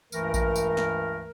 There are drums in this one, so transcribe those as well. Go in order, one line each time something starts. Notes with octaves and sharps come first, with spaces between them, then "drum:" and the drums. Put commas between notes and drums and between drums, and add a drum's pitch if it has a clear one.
C#2 G2 E3 A3 A#4, drum: tambourine
drum: kick A#1, tambourine
drum: tambourine
drum: snare